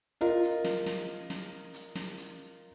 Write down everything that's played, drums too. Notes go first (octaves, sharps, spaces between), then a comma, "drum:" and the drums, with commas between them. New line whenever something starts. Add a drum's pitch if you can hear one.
F4 A#4 D#5
drum: hi-hat
drum: snare
drum: snare
drum: snare
drum: hi-hat
drum: snare
drum: hi-hat